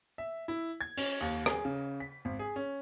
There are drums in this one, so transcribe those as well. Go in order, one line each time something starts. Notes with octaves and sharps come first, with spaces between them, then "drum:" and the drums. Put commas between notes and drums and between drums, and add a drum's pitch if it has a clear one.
E5
E4
G#6
C#4, drum: cymbal
D#2
G#4, drum: rim click
C#3
B6
G#1
G#4
C#4